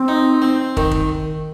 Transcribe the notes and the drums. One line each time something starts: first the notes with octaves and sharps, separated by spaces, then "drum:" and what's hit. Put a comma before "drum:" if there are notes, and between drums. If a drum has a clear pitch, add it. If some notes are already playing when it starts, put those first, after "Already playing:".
Already playing: C4
D#4
C4
D#3, drum: kick
drum: kick